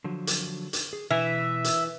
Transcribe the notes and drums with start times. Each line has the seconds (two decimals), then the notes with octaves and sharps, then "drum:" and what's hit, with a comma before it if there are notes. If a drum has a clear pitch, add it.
0.04 D3 F3 F#3
0.27 drum: hi-hat
0.73 drum: hi-hat
0.93 G#4
1.10 B2 E3 B4 E5
1.64 drum: hi-hat